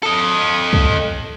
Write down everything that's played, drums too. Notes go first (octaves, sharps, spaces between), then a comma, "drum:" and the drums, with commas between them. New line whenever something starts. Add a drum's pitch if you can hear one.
A4 D#5
drum: kick